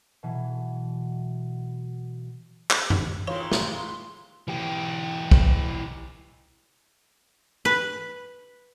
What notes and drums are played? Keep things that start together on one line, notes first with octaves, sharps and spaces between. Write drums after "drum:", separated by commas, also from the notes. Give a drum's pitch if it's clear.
B2 E3 F#3
drum: clap
drum: tom F#2
D#3 E3 G#3 F4 C#5 F5 C6
drum: snare
E3 G4
drum: kick
B4